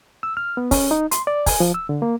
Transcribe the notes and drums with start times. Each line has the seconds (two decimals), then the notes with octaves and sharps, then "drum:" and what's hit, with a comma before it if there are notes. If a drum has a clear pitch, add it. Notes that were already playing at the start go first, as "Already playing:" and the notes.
0.23 E6
0.37 F6
0.57 B3
0.71 C#4, drum: kick, open hi-hat
0.91 D#4
1.11 C6, drum: hi-hat
1.27 D5
1.46 G#5, drum: kick, open hi-hat
1.60 F3
1.74 E6
1.89 D3
2.02 A#3